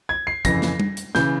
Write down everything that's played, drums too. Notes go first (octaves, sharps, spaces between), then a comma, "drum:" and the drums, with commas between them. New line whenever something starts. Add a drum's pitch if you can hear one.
G#6
C7
F2 C#3 E3 A#6, drum: kick, hi-hat
drum: snare
drum: tom G3
drum: hi-hat
C#3 E3 G6, drum: snare